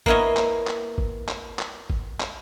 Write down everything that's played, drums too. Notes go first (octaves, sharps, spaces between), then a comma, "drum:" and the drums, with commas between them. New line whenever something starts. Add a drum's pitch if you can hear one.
A#3 B3 E4 C#5 D#5, drum: kick G#1
drum: clap
drum: clap
drum: kick G#1
drum: clap
drum: clap
drum: kick G#1
drum: clap